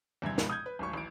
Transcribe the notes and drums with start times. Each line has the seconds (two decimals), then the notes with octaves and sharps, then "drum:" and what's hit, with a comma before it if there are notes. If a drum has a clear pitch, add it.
0.22 E2 G2 C3 G#6
0.38 F1 C#2 G#2 B2, drum: snare
0.49 D#6 G6 G#6
0.66 B4
0.79 D1 G#1 C#6
0.93 A1 D7